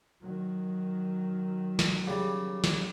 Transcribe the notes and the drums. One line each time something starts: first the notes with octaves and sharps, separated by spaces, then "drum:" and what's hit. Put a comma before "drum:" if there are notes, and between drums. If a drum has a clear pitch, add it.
D#3 F#3
drum: snare
C#3 G3
drum: snare